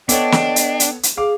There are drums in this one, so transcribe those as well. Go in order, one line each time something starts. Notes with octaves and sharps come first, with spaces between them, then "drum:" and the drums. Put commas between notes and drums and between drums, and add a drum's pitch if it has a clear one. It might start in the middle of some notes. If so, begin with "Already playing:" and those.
B3 D4 A4 C#5 D#5 G5, drum: hi-hat
drum: snare
drum: hi-hat
drum: hi-hat
drum: hi-hat
G#4 F5 D6